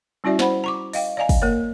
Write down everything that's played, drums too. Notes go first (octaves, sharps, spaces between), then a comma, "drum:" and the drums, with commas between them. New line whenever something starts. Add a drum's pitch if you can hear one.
G3 C#4 E4 F#4 D5 E5
C5 F#5 B5, drum: snare
A#5 C#6 D6
D#5 F5 G5, drum: open hi-hat
D5 D#5 F5 G#5 A#5
drum: kick, open hi-hat
A#3 A#4 C#5